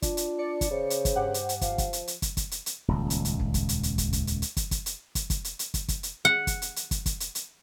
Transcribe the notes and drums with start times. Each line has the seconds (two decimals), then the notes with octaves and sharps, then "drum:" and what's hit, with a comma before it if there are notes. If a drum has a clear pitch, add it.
0.02 D4 F4, drum: kick, hi-hat
0.17 drum: hi-hat
0.38 D5 C#7
0.61 drum: kick, hi-hat
0.71 C#3 C5
0.90 drum: hi-hat
1.05 drum: kick, hi-hat
1.16 G2 G4 F#5
1.34 drum: hi-hat
1.49 drum: hi-hat
1.61 F3 F5, drum: kick, hi-hat
1.78 drum: kick, hi-hat
1.93 drum: hi-hat
2.07 drum: hi-hat
2.22 drum: kick, hi-hat
2.37 drum: kick, hi-hat
2.51 drum: hi-hat
2.66 drum: hi-hat
2.88 D#1 C#2
3.10 drum: hi-hat
3.25 drum: hi-hat
3.39 drum: kick
3.54 drum: kick, hi-hat
3.69 drum: hi-hat
3.83 drum: hi-hat
3.98 drum: kick, hi-hat
4.13 drum: kick, hi-hat
4.27 drum: hi-hat
4.42 drum: hi-hat
4.57 drum: kick, hi-hat
4.71 drum: kick, hi-hat
4.86 drum: hi-hat
5.15 drum: kick, hi-hat
5.30 drum: kick, hi-hat
5.44 drum: hi-hat
5.59 drum: hi-hat
5.74 drum: kick, hi-hat
5.88 drum: kick, hi-hat
6.03 drum: hi-hat
6.25 F#5
6.47 drum: kick, hi-hat
6.62 drum: hi-hat
6.76 drum: hi-hat
6.91 drum: kick, hi-hat
7.06 drum: kick, hi-hat
7.20 drum: hi-hat
7.35 drum: hi-hat